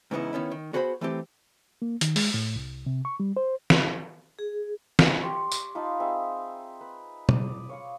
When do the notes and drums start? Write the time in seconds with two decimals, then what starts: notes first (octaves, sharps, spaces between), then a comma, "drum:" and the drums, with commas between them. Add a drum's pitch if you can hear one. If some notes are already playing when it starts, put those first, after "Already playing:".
0.11 G#2 C#3 E3 B3 D#4 E4
0.33 D#3 B3 C#4 E4
0.51 D#3
0.73 B3 F#4 G#4 C5 F5 B5
1.01 E3 A3 C4 G4
1.82 A#3
2.01 D#3, drum: hi-hat
2.16 G#3, drum: open hi-hat
2.34 A2
2.56 C2
2.86 C3
3.05 C#6
3.20 G3
3.37 C5
3.70 drum: snare
4.39 G#4
4.99 drum: snare
5.21 G4 D5 C6 C#6
5.52 drum: tambourine
5.75 D#4 F4 A5 B5
6.00 C4 D#4 G#4 E5
6.81 B4
7.29 D5 D#6, drum: tom
7.69 C#5 F5 C#6